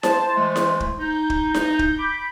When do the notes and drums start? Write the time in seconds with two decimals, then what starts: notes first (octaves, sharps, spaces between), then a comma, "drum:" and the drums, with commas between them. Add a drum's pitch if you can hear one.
0.03 C5 A5, drum: snare E4
0.36 E3 G#3 A3
0.56 drum: snare E4
0.80 drum: kick
0.99 D#4 G6
1.30 drum: kick
1.54 D#4, drum: snare E4
1.79 drum: kick
1.99 B5 D6